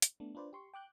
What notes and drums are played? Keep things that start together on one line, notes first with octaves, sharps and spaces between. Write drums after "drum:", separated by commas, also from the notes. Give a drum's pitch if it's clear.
drum: hi-hat
A3 B3 D4
D4 F4 B4 C5 D5
G4 C6 C#6
G5 D6 F#6 G6